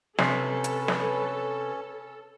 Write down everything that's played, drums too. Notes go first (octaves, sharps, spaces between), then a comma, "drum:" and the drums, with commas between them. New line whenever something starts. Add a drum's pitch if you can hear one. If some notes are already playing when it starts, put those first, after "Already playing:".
C3 C#4 A4 B4, drum: snare
drum: hi-hat
drum: snare